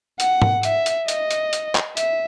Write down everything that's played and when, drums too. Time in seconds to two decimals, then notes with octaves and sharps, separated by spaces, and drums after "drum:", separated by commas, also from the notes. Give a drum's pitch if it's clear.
0.20 F#5, drum: hi-hat
0.42 drum: tom G#2
0.63 E5, drum: hi-hat
0.86 drum: hi-hat
1.08 D#5, drum: hi-hat
1.31 drum: hi-hat
1.53 drum: hi-hat
1.75 drum: clap
1.97 E5, drum: hi-hat